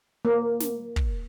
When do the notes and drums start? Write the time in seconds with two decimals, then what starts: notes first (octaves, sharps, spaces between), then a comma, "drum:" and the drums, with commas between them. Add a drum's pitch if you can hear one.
0.25 A#3
0.60 drum: snare
0.96 drum: kick